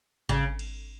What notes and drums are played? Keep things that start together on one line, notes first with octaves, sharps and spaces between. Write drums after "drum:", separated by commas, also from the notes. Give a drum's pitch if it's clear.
C#3, drum: kick G#1
drum: cymbal